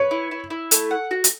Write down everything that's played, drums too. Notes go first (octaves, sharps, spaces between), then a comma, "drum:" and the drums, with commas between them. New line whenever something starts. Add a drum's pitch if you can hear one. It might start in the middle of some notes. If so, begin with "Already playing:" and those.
Already playing: B4 C#5
E4
E4
E4
A3, drum: hi-hat
F#5
F#4
drum: hi-hat